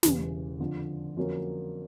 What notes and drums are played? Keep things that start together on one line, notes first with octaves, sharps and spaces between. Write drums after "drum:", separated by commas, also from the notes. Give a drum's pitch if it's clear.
E1 E2 C#3 E3 G3, drum: snare
F2 D3 F3
F2 D3 F#3 A#3 C#4